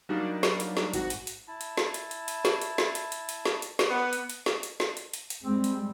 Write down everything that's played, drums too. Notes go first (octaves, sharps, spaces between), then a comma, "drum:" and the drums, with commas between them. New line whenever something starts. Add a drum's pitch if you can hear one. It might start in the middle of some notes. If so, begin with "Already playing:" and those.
F#3 G3 A#3 D4 D#4
drum: snare
drum: hi-hat
drum: snare
G#1 G#2 F#4, drum: hi-hat
drum: hi-hat
drum: hi-hat
E4 A5
drum: hi-hat
drum: snare
drum: hi-hat
drum: hi-hat
drum: hi-hat
drum: snare
drum: hi-hat
drum: snare
drum: hi-hat
drum: hi-hat
drum: hi-hat
drum: snare
drum: hi-hat
drum: snare
B3 B5 D6
drum: hi-hat
drum: hi-hat
drum: snare
drum: hi-hat
drum: snare
drum: hi-hat
drum: hi-hat
drum: hi-hat
G3 G#3 C4
drum: hi-hat